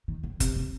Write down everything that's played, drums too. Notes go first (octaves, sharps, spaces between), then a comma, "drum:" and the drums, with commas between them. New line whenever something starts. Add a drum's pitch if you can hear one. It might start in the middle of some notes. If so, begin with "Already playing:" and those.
D#3
C#3
C3, drum: kick F#1, hi-hat
C#3